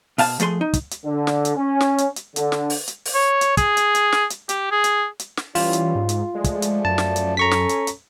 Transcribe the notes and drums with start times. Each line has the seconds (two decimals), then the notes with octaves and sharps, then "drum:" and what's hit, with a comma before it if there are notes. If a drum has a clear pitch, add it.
0.18 B2 F5 A5, drum: open hi-hat
0.40 F3 A3 G#4 C6, drum: hi-hat
0.61 D#4
0.73 drum: kick, hi-hat
0.91 drum: hi-hat
1.05 D3
1.27 drum: snare
1.45 drum: hi-hat
1.57 C#4
1.81 drum: snare
1.98 drum: hi-hat
2.16 drum: hi-hat
2.36 D3, drum: hi-hat
2.52 drum: snare
2.70 drum: open hi-hat
2.88 drum: hi-hat
3.05 drum: open hi-hat
3.15 C#5
3.41 drum: hi-hat
3.57 G#4, drum: kick, hi-hat
3.77 drum: hi-hat
3.95 drum: hi-hat
4.12 drum: snare
4.30 drum: hi-hat
4.49 G4, drum: hi-hat
4.71 G#4
4.84 drum: hi-hat
5.19 drum: hi-hat
5.37 drum: snare
5.55 E3 G3 C#4 F4, drum: open hi-hat
5.73 drum: hi-hat
5.95 G#2
6.09 drum: hi-hat
6.35 F3 G#3 A3 D5
6.44 drum: kick, hi-hat
6.62 drum: hi-hat
6.85 F#2 A5
6.98 drum: snare
7.16 drum: hi-hat
7.37 C#4 A4 A#5 C#6 B6
7.51 drum: snare
7.69 drum: hi-hat
7.87 drum: hi-hat